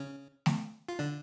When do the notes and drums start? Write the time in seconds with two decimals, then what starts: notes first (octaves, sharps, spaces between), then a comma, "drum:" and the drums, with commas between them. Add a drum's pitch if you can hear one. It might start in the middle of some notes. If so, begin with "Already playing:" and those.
Already playing: C#3 C#4
0.46 drum: snare A3
0.89 F4
0.99 D3 D4